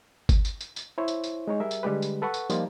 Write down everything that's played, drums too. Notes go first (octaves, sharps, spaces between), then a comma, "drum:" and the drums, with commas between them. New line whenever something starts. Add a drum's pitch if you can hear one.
drum: kick G1, tambourine
drum: tambourine
drum: tambourine
drum: tambourine
E4 C5 C#5
drum: tambourine
drum: tambourine
G#3 D#4 C#5
G3 G#4 A#4 E5
drum: tambourine
D3 G3 G#3 G4 B4
drum: tambourine
A4 B4 F#5 C#6
drum: tambourine
F3 G3 A#3 D#4 F4, drum: tambourine